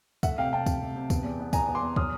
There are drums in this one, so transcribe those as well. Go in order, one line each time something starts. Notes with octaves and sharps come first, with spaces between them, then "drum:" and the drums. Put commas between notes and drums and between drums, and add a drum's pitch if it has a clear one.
A3 E5 F#5, drum: kick, tambourine
C3 F5 G5
C3 G5 A5
C3, drum: kick, tambourine
C3
C3
B3, drum: kick, tambourine
E2
B3
E2 G#5 A#5, drum: kick, tambourine
B3
C6 D6
E2
F#3 D#6 F6, drum: kick